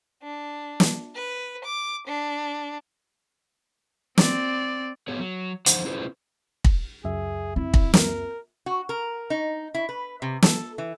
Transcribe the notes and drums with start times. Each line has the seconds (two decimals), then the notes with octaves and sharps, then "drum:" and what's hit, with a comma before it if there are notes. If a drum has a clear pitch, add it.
0.23 D4
0.80 drum: snare
1.16 B4
1.65 D6
2.07 D4
4.18 C4 D5, drum: snare
5.08 B3 F#4 G#4 C#5
5.19 F#3
5.66 E2 D3 F3 D#4 C5 F#5, drum: hi-hat
5.85 C#4 E4 F4 G#4 B4 C5
6.64 drum: kick
7.04 C#2 F#2 G#4 E5
7.56 C4 E4
7.74 drum: kick
7.94 A#4, drum: snare
8.66 F#4
8.89 A#4
9.30 D#4
9.74 E4
9.89 B4
10.22 C3
10.42 A4, drum: snare
10.78 E3